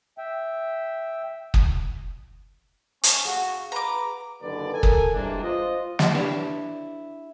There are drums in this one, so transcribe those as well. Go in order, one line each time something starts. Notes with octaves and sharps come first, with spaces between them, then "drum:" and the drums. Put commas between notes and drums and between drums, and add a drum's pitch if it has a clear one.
E5 G5
drum: kick
C#4 A5, drum: hi-hat
F#4 G#4 F5 F#5
B4 A#5 D6
F#1 D#2 D3 B4 D5
A4 A#4 G#5
drum: kick
G2 C3 E3 G#3 A#3 D4
F4 C5 D#5
drum: snare
D4 E4 G4 B4 C#5